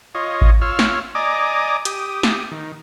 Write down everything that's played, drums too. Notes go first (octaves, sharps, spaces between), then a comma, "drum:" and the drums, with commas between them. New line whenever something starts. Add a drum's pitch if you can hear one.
F4 C#5 D#5
drum: kick G#1
F4 C#5 E6 F6
drum: snare
D5 D#5 G#5 A#5 D6 D#6
G4 D#6, drum: hi-hat
drum: snare
D#3